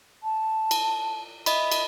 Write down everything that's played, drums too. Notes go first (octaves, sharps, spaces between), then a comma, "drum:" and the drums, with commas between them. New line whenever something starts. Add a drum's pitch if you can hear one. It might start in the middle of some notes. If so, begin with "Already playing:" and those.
A5
drum: cymbal
D#5 E5 B5, drum: cymbal
drum: cymbal